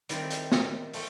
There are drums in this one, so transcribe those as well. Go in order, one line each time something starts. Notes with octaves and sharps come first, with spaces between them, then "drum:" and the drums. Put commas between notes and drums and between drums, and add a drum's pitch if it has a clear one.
D#3 G3 C4 E4, drum: hi-hat
drum: hi-hat
drum: snare
A3 C4, drum: open hi-hat